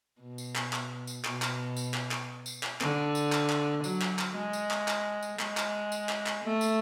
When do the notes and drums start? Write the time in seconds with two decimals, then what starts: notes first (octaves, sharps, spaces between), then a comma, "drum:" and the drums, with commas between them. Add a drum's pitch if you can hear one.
0.21 B2
0.38 drum: tambourine
0.55 drum: clap
0.73 drum: clap
1.07 drum: tambourine
1.24 B2, drum: clap
1.42 drum: clap
1.77 drum: tambourine
1.94 drum: clap
2.11 drum: clap
2.46 drum: tambourine
2.63 drum: clap
2.81 D3, drum: clap
3.15 drum: tambourine
3.32 drum: clap
3.50 drum: clap
3.84 F#3, drum: tambourine
4.01 drum: clap
4.19 drum: clap
4.36 G#3
4.53 drum: tambourine
4.71 drum: clap
4.88 drum: clap
5.23 drum: tambourine
5.39 G#3, drum: clap
5.57 drum: clap
5.92 drum: tambourine
6.09 drum: clap
6.26 drum: clap
6.44 A3
6.61 drum: tambourine